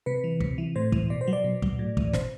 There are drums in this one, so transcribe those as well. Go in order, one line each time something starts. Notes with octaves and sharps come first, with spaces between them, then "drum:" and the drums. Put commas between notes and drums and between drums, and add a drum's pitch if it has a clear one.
C3 B4
E3
C3, drum: kick
E3
A2 C5
E3, drum: kick
B2 D5
C5
F#3
D5
B2
F#3, drum: kick
A2
E3, drum: kick
B2 C5, drum: snare